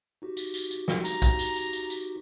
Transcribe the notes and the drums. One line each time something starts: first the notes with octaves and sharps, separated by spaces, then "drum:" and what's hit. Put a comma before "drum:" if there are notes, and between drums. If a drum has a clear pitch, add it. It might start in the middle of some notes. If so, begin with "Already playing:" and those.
D#4 F#4 G4
drum: tambourine
drum: tambourine
drum: tambourine
drum: snare
A#5, drum: tambourine
drum: kick, tambourine
drum: tambourine
drum: tambourine
drum: tambourine
drum: tambourine